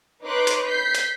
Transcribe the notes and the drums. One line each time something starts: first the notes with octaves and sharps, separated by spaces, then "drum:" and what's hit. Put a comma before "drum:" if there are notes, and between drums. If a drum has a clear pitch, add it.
D#4 B4 C#5 C6 D6 F#6
drum: hi-hat
G6 B6 C7
drum: hi-hat